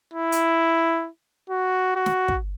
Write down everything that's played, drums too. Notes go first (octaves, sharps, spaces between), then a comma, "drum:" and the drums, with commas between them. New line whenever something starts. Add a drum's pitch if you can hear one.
E4
drum: hi-hat
F#4
F#4
drum: snare
drum: kick